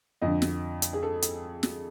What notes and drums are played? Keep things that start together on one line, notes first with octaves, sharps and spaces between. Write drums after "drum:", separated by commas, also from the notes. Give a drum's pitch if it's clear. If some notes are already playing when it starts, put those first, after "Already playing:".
F2 D3 D#5
drum: snare
drum: hi-hat
G#4
A4
drum: hi-hat
drum: snare